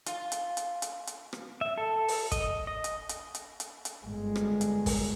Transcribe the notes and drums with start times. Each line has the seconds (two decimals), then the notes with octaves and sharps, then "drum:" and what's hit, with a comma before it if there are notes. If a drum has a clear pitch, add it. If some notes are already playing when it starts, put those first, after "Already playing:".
0.06 F4, drum: hi-hat
0.32 drum: hi-hat
0.57 drum: hi-hat
0.82 drum: hi-hat
1.07 drum: hi-hat
1.33 drum: rim click
1.61 E5
1.78 A4
2.08 drum: open hi-hat
2.32 D#5, drum: kick, hi-hat
2.67 D#5
2.84 drum: hi-hat
3.09 drum: hi-hat
3.35 drum: hi-hat
3.60 drum: hi-hat
3.85 drum: hi-hat
4.06 G1 G#3
4.36 drum: rim click
4.61 drum: hi-hat
4.86 drum: kick, open hi-hat